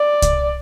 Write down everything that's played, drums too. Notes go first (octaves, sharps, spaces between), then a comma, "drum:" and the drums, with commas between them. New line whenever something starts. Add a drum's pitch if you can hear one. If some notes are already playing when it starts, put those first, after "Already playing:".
Already playing: D5
drum: kick C2, hi-hat